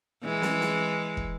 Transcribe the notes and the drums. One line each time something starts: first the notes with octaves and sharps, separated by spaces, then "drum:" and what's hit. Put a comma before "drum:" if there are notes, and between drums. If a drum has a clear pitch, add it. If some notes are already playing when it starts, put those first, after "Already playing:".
E3 G#3
drum: snare
drum: snare
drum: kick